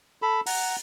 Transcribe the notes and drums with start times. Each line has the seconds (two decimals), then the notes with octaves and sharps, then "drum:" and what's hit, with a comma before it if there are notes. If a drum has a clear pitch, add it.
0.22 A4 B5
0.47 F#5 A#5, drum: open hi-hat